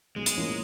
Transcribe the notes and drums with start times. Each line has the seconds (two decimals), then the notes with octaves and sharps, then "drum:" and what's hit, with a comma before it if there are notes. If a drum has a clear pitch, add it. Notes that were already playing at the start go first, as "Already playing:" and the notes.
0.16 B1 G#3
0.26 drum: hi-hat
0.36 A2 F3 A#3 C#4